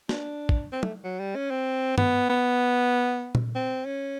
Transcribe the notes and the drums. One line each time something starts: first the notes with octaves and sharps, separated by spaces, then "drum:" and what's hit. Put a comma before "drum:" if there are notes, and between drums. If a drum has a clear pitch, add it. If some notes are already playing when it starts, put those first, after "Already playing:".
D4, drum: snare
drum: kick
C4
A3, drum: tom
F#3
G3
C#4
C4
B3, drum: tom G2
B3
drum: tom A#2
C4
C#4